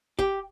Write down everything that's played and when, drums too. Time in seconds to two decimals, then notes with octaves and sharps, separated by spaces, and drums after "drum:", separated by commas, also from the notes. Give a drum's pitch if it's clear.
0.19 G4, drum: kick